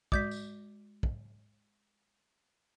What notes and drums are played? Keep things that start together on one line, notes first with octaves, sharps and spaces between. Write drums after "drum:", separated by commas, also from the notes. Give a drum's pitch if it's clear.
G#3 F#4 D5 D6 G6 B6, drum: kick
drum: tambourine
drum: kick